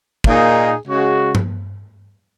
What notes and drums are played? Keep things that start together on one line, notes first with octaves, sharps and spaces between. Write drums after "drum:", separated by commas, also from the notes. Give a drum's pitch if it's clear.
A#2 A#3 D#4 G#4, drum: kick
C#3 G#3 F#4
drum: tom G2